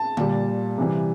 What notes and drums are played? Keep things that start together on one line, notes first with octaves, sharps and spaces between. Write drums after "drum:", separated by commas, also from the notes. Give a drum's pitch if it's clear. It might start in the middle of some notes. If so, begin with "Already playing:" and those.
Already playing: A5
A#2 G3, drum: tom D3
C3 E3 G3